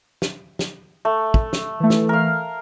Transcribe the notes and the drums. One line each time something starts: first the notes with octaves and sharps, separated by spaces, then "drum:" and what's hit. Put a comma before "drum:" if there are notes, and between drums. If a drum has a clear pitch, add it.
drum: snare
drum: snare
A3
drum: kick
drum: snare
E3 A3
drum: snare
A#4 F5